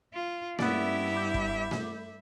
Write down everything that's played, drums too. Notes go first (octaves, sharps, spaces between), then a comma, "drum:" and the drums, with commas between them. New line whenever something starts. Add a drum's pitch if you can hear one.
F4
G2 A#3 B3 C#4 E4 G4 D5 E5, drum: snare A3
B5 D6 G6
drum: kick
drum: snare A3